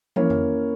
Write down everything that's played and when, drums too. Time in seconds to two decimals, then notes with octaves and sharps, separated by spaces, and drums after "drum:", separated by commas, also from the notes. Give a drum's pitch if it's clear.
0.16 A#3 C#4 E4 A#4 C#5, drum: tom
0.30 drum: tom F2